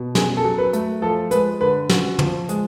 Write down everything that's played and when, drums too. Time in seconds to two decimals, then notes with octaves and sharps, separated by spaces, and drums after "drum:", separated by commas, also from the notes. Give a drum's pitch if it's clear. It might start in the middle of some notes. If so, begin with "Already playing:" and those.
Already playing: B2
0.15 C#4 G#4, drum: snare
0.37 A4
0.45 F#3
0.58 B4
0.73 A3, drum: hi-hat
1.02 F3 A4
1.31 G#3 B4, drum: hi-hat
1.61 D3 B4
1.89 C#4 F#4, drum: snare
2.19 F3, drum: tom
2.49 G#3, drum: hi-hat